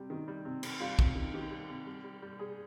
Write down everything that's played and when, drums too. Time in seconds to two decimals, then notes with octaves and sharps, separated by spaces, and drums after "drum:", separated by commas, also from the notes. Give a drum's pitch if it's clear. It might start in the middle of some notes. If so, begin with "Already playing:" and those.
Already playing: C3 G3
0.10 D#3
0.28 G3
0.45 C3
0.63 C3, drum: cymbal
0.80 G3 F4
0.99 C3, drum: kick
1.15 D#3
1.34 D#3 G4
1.51 G3
1.70 C3
1.86 G3
2.04 G3
2.22 G3
2.39 G3 G#4